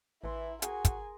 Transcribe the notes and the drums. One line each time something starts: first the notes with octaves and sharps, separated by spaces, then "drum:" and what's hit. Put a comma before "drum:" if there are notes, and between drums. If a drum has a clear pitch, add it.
A1 E3 E4 A#5 C6
F#4 G#4 A#4 G#5, drum: hi-hat
drum: kick, hi-hat